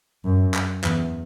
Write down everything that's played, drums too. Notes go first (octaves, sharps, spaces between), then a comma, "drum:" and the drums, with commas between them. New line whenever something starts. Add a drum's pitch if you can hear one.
F#2
drum: clap
E2, drum: clap